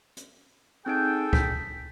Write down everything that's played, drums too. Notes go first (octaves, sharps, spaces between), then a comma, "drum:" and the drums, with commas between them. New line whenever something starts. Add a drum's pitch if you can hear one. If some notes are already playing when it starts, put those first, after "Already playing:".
drum: hi-hat
C4 D#4 G#4 A4 G5 D7
B6, drum: kick C#2